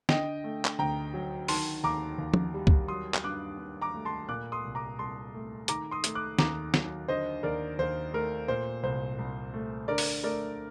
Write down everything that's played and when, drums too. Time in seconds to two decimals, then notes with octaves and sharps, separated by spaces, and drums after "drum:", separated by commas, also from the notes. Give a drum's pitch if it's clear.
0.09 D3 D#5 G5, drum: snare
0.44 A3
0.65 drum: clap
0.79 D2 G5 A#5
1.14 F#3
1.48 D#3 A5 C6, drum: open hi-hat
1.84 D#2 A#5 D6
2.18 D#2
2.34 drum: tom F3
2.54 G3
2.67 drum: kick
2.88 F#3 C6 D#6
3.14 drum: clap
3.24 G2 D6 F#6
3.59 G2
3.82 A#5 D6
3.94 A3
4.05 A5 C6
4.28 A#2 D6 F#6
4.52 C6 D#6
4.64 C2
4.75 A#5 D6
4.99 C2 A5 C6
5.34 A3
5.68 D#3 A#5 D6, drum: hi-hat
5.91 C6 D#6
6.04 A3, drum: hi-hat
6.15 D6 F#6
6.39 D#2 A#5 D6, drum: snare
6.74 F#3, drum: snare
7.08 D3 C5 D#5
7.43 D#2 A#4 D5
7.79 D#2 C5
8.13 A3 A#4
8.48 A#2 C5
8.83 C2 C5
9.19 C2
9.54 A3
9.88 D3 A#4 D5
9.98 drum: open hi-hat
10.24 A3 A#4 D5